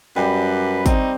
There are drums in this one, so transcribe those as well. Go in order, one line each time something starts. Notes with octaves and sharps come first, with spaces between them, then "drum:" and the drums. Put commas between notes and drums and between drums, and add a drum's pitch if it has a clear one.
F#2 G3 B4
C4 D#4, drum: kick, hi-hat